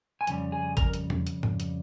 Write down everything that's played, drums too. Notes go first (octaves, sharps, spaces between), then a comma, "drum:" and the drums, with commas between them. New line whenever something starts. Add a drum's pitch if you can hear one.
G#5
F2 C#3 G3, drum: hi-hat
G#4 G#5
A#4 A#5, drum: kick, hi-hat
drum: hi-hat
drum: tom
drum: hi-hat
drum: tom G#2
drum: hi-hat